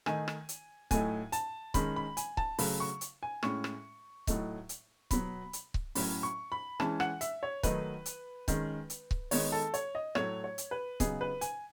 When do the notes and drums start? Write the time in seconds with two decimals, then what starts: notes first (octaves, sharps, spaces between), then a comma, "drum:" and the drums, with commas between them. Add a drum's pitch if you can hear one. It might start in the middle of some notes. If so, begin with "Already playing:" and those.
0.06 D#3 A3 D#4 G#5, drum: rim click
0.28 drum: rim click
0.49 drum: hi-hat
0.91 A2 F#3 A3 D#4 G#5, drum: kick C#1, hi-hat
1.32 A5, drum: hi-hat
1.74 D#3 G#3 C#4 B5, drum: kick C#1, hi-hat
1.96 B5
2.17 G#5, drum: hi-hat
2.37 A5, drum: kick C#1
2.58 C#3 F#3 A3 B5, drum: open hi-hat
2.80 C#6
3.01 drum: hi-hat
3.23 G#5
3.43 A2 G#3 C#4 C#6, drum: rim click
3.64 drum: rim click
4.27 A2 F#3 A3 D#4, drum: kick C#1, hi-hat
4.69 drum: hi-hat
5.11 B2 F#3 B3 B5, drum: kick C#1, hi-hat
5.53 drum: hi-hat
5.74 drum: kick C#1
5.95 A2 F#3 C#4 B5, drum: open hi-hat
6.23 C#6
6.52 B5
6.80 E3 G#3 C#4 A5, drum: rim click
7.00 F#5, drum: rim click
7.21 E5, drum: hi-hat
7.43 C#5
7.63 D#3 F#3 A3 D#4 B4, drum: kick C#1, hi-hat
8.06 drum: hi-hat
8.48 D#3 G#3 C#4, drum: kick C#1, hi-hat
8.90 drum: hi-hat
9.11 drum: kick C#1
9.31 D#3 G#3 B3 D#4 C#5, drum: open hi-hat
9.52 A4
9.74 C#5, drum: hi-hat
9.95 D#5
10.15 A2 F#3 A3 C#5, drum: rim click
10.44 C#5
10.58 drum: hi-hat
10.71 B4
11.00 C#3 F#3 B3 D#4 G#4, drum: kick C#1, hi-hat
11.21 B4
11.41 G#5, drum: hi-hat